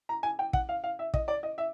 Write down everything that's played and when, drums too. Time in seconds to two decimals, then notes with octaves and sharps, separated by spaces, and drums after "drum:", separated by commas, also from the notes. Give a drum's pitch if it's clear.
0.09 A#5
0.23 G#5
0.39 G5
0.53 F#5, drum: kick
0.69 F5
0.84 F5
0.99 E5
1.14 D#5, drum: kick
1.28 D5
1.43 D#5
1.58 E5